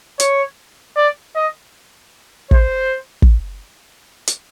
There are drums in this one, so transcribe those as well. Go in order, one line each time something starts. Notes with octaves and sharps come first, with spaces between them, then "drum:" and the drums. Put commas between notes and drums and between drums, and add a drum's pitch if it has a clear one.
C#5, drum: hi-hat
D5
D#5
C5, drum: kick
drum: kick
drum: hi-hat